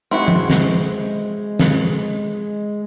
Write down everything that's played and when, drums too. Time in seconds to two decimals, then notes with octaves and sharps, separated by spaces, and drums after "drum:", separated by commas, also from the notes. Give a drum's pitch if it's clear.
0.11 G#3 C4 E4 F#4
0.28 drum: tom
0.50 drum: snare
1.59 drum: snare